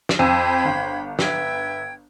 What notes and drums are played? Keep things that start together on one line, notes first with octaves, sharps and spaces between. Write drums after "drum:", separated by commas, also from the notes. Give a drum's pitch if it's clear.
drum: snare
F2 C5 G5 B5 E6 G#6 D#7
G1
B4 E5 G5 G#6, drum: snare